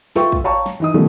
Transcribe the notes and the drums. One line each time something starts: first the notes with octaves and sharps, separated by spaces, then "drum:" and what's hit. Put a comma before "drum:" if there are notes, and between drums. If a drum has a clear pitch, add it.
F4 A4 B4 E5 G5 C#6, drum: snare
drum: kick
C#5 F5 G5 A5 A#5 C#6
drum: snare
E3 D#4 D#6
B2 D#3 F3 G3 A3 C#4